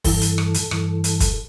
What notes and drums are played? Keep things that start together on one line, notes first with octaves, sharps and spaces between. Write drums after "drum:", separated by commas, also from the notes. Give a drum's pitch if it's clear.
G2 E3 A4, drum: kick, open hi-hat
drum: hi-hat
drum: rim click
drum: hi-hat
G2 E3, drum: rim click
drum: hi-hat
drum: kick, hi-hat